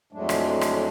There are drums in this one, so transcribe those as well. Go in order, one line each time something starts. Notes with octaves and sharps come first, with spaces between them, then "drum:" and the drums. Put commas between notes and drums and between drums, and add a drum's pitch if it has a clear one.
F2 A2 F#3 G#3 A3 D4
drum: rim click
drum: rim click